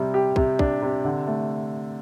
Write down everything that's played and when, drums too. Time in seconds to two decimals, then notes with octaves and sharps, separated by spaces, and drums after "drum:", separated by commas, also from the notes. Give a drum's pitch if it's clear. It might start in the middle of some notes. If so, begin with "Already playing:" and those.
Already playing: C3 G3
0.14 G4
0.36 C3, drum: kick
0.59 D4, drum: kick
0.82 C3
1.05 D3
1.27 A3